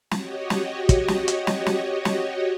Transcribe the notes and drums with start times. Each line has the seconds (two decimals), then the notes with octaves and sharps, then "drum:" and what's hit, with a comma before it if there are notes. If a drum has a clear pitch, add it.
0.11 F#4 G4 C#5 D#5, drum: snare
0.50 drum: snare
0.89 drum: kick, hi-hat
1.08 drum: snare
1.28 drum: hi-hat
1.47 drum: snare
1.66 drum: snare
2.05 drum: snare